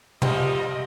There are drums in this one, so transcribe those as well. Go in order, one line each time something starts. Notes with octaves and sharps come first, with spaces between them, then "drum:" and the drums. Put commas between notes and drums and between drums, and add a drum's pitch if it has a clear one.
A#2 F3 G3 G#3 C4 G4 D#5 E5, drum: tom